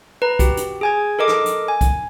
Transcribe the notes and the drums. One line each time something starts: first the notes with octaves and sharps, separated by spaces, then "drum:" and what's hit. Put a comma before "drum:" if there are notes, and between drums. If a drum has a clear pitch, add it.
B4 A#5
F#4 G4, drum: kick, hi-hat
drum: hi-hat
G#4 G#5 G#6
A4 A#4 D#5 D6
drum: rim click
drum: hi-hat
G#5
drum: kick, hi-hat